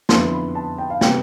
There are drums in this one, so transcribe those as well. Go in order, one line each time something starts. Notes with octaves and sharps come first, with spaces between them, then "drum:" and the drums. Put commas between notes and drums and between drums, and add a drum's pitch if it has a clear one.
F2 D3 F3 B3 E4 C6, drum: snare
C6
B5
A5
G5
F5
C3 G3 B3 G5, drum: snare